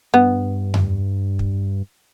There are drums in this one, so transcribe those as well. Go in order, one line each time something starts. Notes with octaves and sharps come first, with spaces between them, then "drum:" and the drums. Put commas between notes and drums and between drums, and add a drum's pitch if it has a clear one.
G2 B3
drum: tom F2
drum: kick